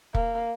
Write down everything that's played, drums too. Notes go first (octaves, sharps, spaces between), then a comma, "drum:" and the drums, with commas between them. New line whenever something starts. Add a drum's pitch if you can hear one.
A#3, drum: kick